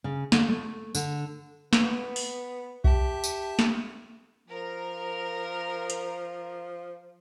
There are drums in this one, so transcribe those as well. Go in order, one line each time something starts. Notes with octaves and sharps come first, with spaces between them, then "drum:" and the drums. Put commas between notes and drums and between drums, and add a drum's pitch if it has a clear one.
C#3
D3, drum: snare
A3
D3, drum: tambourine
B3, drum: snare
drum: open hi-hat
G4 E5 A5, drum: kick B1
drum: tambourine
drum: snare
F3 A#4
drum: hi-hat